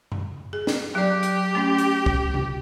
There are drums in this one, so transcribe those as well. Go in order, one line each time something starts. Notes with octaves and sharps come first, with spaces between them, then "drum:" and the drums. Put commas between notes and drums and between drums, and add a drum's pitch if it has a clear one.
drum: tom
G#4
drum: snare
F#3 G4 D5
drum: hi-hat
A3 C#4
drum: hi-hat
drum: kick
drum: tom C3